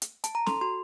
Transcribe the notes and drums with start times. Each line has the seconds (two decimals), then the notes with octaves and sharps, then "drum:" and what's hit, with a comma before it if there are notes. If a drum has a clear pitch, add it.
0.02 drum: hi-hat
0.24 A5, drum: hi-hat
0.35 A#5
0.47 A4 C6, drum: snare
0.61 F#4 C6